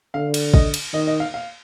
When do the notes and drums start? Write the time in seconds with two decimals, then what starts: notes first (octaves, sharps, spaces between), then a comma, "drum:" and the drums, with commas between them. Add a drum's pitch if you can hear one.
0.14 D3 F5
0.34 drum: cymbal
0.54 D#5, drum: kick
0.74 drum: cymbal
0.94 D#3 D#5
1.07 D#5
1.20 F5
1.34 F5